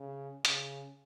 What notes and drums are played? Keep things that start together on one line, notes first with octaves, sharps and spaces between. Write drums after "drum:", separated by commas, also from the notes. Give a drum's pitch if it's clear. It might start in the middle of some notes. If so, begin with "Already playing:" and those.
Already playing: C#3
C#3, drum: hi-hat